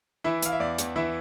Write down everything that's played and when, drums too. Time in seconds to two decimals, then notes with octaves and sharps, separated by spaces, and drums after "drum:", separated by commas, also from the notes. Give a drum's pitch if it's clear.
0.24 E3 E4 E5
0.42 E3 F5, drum: hi-hat
0.52 E5
0.59 E2 D5
0.78 E2, drum: hi-hat
0.96 E3 E4 E5